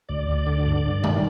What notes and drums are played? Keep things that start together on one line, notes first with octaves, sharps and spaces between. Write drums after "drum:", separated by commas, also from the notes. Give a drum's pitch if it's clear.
D2 D5
D2
D3
G2
G2
D#3, drum: tom